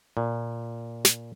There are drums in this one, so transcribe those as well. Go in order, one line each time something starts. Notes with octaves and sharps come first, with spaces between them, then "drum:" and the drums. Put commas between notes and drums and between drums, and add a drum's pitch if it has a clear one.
A#2
drum: snare